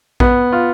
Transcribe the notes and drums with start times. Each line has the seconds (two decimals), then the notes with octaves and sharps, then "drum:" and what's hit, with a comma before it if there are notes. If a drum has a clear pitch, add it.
0.20 B3, drum: kick A#1
0.52 F4